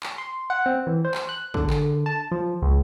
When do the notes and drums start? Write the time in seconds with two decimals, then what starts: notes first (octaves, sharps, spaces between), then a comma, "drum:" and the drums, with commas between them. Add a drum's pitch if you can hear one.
0.03 drum: clap
0.18 C6
0.50 F#5
0.66 C4
0.87 E3
1.05 C5
1.14 drum: clap
1.29 F#6
1.54 D3, drum: kick
1.70 drum: clap
2.06 A5
2.31 F3
2.62 C#2